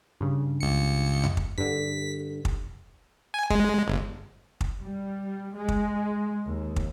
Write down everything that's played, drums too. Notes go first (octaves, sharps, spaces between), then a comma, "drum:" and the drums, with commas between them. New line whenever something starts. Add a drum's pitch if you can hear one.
G2 C#3
C#2 C#7
drum: tom F2
drum: kick
G2 D3 B6
drum: kick
G#5
G#3, drum: kick
G1
drum: kick
G3
G#3
drum: kick
D#2
drum: kick